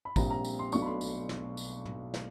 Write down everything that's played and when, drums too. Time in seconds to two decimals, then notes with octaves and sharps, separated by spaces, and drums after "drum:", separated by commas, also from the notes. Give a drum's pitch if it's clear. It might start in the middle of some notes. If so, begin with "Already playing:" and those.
0.05 B5
0.16 A#1 A#2 G3 C4 A#5, drum: kick, tambourine
0.30 A#5
0.45 drum: tambourine
0.59 C6
0.72 B1 B2 F#3 A3 D4 C#6, drum: tambourine
0.82 B5
0.86 C6
1.01 drum: tambourine
1.29 drum: snare
1.57 drum: tambourine
1.85 drum: tom
2.14 drum: snare